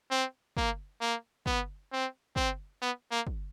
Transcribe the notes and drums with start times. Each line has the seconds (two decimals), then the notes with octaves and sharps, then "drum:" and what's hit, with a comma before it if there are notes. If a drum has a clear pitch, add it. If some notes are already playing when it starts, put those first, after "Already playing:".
0.11 C4
0.57 A#3, drum: kick
1.01 A#3
1.46 B3, drum: kick
1.92 C4
2.36 C4, drum: kick
2.82 B3
3.11 A#3
3.27 drum: kick